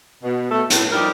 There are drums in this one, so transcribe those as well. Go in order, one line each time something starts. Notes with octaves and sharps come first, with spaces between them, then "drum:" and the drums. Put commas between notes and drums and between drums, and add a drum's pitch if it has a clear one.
B2
B2 A3 A4
A2, drum: hi-hat
F3 G3 D#4 G4 A#4 D#5